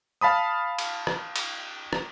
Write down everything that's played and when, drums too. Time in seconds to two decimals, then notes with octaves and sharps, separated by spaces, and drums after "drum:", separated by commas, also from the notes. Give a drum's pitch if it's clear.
0.21 F5 A5 B5 D#6
0.79 drum: cymbal
1.07 drum: rim click
1.36 drum: cymbal
1.93 drum: rim click